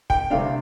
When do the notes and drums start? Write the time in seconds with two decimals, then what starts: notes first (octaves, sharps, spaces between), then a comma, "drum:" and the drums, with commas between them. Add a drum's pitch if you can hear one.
0.10 G5, drum: kick
0.30 C2 C3 A3 D4 F5